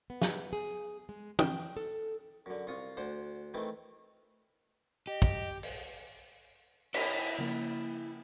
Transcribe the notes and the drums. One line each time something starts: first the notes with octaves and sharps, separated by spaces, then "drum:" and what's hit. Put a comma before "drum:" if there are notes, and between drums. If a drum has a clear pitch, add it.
B3
drum: snare
G#4
G#3
G5, drum: tom
A4
F#2 D3
C2 F4 C#6 D#6
D2 D4 C5 F#5
D#3 E3 A3 C4
G4 D#5
drum: kick
drum: open hi-hat
E4 D#5, drum: cymbal
C#3 F3 A#3